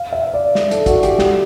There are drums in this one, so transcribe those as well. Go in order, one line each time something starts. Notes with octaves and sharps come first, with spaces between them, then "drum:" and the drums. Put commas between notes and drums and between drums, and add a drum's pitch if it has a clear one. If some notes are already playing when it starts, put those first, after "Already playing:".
Already playing: F5
E5
D5
drum: snare
A4, drum: hi-hat
F#4, drum: kick, hi-hat
G4, drum: hi-hat
G4, drum: snare